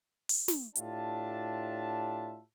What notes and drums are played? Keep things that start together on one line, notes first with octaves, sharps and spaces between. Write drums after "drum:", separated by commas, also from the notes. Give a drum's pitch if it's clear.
drum: open hi-hat
drum: snare
A2 D4 F4 G4 E5 A5, drum: hi-hat